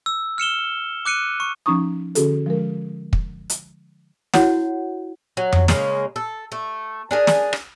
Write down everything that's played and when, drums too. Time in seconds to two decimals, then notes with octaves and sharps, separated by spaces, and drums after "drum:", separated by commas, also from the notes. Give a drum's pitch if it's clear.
0.06 E6
0.38 F6 C#7 E7 G7
1.05 D6 F#6 C#7 D#7
1.40 C#6
1.66 F3 C#4 D#4 A#5 C#6 D#6
2.15 D3 C#4 F#4 G#4 A4, drum: hi-hat
2.46 F3 G#3 A#4
3.13 drum: kick
3.50 drum: hi-hat
4.34 E4 F#4 C#5 F#5, drum: snare
5.37 F#3
5.53 drum: tom F2
5.68 C#3 G#3 A#3, drum: snare
6.16 A4
6.52 A3
7.11 D4 G#4 A#4
7.27 drum: snare
7.53 drum: rim click